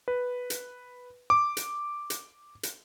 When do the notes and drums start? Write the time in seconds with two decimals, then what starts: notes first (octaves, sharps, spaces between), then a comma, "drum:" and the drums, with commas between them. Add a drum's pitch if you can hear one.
0.08 B4
0.50 drum: hi-hat
1.30 D6
1.57 drum: hi-hat
2.10 drum: hi-hat
2.63 drum: hi-hat